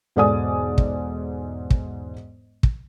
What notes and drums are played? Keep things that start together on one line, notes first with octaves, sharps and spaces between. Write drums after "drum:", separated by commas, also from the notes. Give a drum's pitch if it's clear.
E1 G#2 A4 D5 G#5 D#6
drum: kick
drum: kick
drum: kick